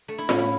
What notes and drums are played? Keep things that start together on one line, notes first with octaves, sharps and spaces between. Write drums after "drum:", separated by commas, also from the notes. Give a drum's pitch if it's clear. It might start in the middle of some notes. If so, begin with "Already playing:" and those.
A3
E4
A2 C#4, drum: snare F4
E4